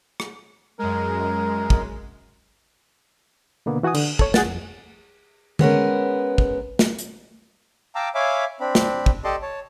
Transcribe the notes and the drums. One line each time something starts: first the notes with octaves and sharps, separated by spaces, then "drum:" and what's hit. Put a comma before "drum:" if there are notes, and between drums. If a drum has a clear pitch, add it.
drum: rim click
F#2 G#3 A#4
drum: kick
B2 D3 A#3 B3
E3 F#4 F#5 G#5 D#6
D3, drum: cymbal
A4 C#5, drum: kick
G#4 F#5 A6, drum: snare
F2
G#3 B3 C#4 A#4, drum: tom D3
drum: kick
drum: snare
drum: hi-hat
F5 G5 A5 A#5 D6 E6
C#5 E5 F5 G#5 B5 D6
C4 D4 B5
drum: snare
drum: kick
G4 A4 D5 D#5 A5 C6
C#5 A5